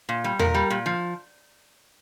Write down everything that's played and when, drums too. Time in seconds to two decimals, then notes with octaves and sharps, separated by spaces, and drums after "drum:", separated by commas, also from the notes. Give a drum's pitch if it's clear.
0.09 A#2
0.24 G3
0.39 A#2 A#4, drum: tom E2
0.54 G3
0.70 A#2
0.86 F3